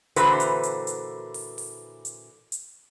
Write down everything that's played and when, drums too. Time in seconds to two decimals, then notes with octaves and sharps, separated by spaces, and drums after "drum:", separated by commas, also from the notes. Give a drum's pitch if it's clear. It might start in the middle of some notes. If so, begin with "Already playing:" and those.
0.16 A#2 D3 E3 F#4 B4 C5, drum: hi-hat
0.40 drum: hi-hat
0.64 drum: hi-hat
0.87 drum: hi-hat
1.34 drum: open hi-hat
1.58 drum: open hi-hat
2.05 drum: hi-hat
2.52 drum: hi-hat